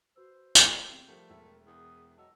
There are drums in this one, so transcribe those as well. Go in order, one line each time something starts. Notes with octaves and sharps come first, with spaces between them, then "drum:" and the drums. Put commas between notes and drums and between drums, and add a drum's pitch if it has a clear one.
F#4 B4 C5 E6
drum: tambourine
E2 C3 G5 C7
F3 G3 A3 A#4 F#5
E1 E4 E5
E2 D#6
F#3 D#5 A5 E6